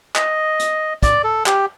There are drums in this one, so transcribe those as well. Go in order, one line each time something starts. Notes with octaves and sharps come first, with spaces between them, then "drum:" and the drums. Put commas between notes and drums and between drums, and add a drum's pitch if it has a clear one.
D#5, drum: clap
drum: hi-hat
D5, drum: kick, hi-hat
A4
G4, drum: clap